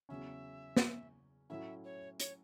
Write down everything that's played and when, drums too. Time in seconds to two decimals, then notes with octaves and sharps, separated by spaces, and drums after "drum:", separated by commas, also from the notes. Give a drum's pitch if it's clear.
0.09 E2 C#3 F#3 C#4 E5
0.77 drum: snare
1.49 A2 F#3 A3 C#4 E4 E5
1.84 C#5
2.20 C#5, drum: hi-hat